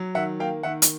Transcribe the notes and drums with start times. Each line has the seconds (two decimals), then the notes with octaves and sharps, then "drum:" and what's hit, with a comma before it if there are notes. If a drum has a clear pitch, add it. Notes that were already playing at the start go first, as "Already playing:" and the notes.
Already playing: F#3
0.15 D#3 E5 F#5
0.40 A#3 F5 G5
0.63 D#3 E5 F#5
0.82 drum: hi-hat